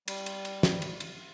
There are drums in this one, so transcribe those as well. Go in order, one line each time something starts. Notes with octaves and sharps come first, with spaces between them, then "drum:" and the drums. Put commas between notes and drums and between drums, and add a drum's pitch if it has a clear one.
G3, drum: cymbal
drum: cymbal
drum: cymbal
drum: snare
drum: cymbal
drum: cymbal